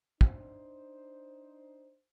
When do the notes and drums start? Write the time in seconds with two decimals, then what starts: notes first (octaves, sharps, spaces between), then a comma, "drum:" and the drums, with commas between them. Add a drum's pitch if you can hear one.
0.21 D4 D#4 C5, drum: kick